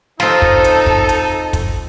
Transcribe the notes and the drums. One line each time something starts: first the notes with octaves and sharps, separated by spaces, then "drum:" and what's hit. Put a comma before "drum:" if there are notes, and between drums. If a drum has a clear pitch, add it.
C4 D#4 F4 A4, drum: snare
drum: kick
drum: hi-hat
drum: kick
drum: hi-hat
drum: kick, hi-hat